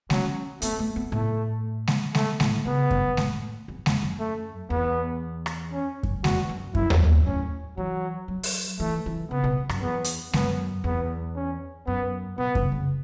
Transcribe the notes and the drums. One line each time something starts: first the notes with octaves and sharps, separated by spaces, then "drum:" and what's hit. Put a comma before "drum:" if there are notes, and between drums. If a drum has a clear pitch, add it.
F#3 C#4, drum: snare G#3
A3 B3, drum: hi-hat
A3
B3
A2 A3
drum: snare G#3
A3, drum: snare G#3
A2, drum: snare G#3
C#3 B3
drum: kick F#2
A2, drum: snare G#3
E2
E2, drum: snare G#3
F#2
A3
E2 B3
drum: rim click
C#4
drum: kick F#2
E2 F#4, drum: snare G#3
F#2
F#2 E4, drum: kick F#2
drum: tom D#2
F#2
A2 C#4
E3 F#3
F#3
drum: open hi-hat
E3 A3
E3
C#3 B3
B2
F#2, drum: rim click
E2 B3
drum: hi-hat
F#2 B3, drum: snare G#3
E2 B3
C#4
F#2 B3
B2 B3
C#3, drum: kick F#2
C#3